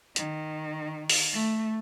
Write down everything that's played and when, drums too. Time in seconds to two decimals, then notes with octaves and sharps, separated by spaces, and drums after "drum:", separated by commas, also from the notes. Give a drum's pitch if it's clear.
0.16 D#3, drum: hi-hat
1.10 drum: open hi-hat
1.33 A3